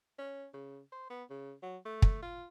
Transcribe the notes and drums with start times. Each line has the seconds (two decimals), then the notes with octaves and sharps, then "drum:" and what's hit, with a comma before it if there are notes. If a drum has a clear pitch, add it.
0.19 C#4
0.53 C#3
0.92 C5
1.10 B3
1.30 C#3
1.63 F#3
1.85 A3
2.02 drum: kick
2.22 F4